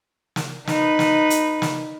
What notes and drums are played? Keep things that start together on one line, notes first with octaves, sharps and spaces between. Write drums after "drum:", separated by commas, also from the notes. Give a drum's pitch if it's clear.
drum: snare
D#4 B4, drum: snare
drum: snare
drum: hi-hat
drum: snare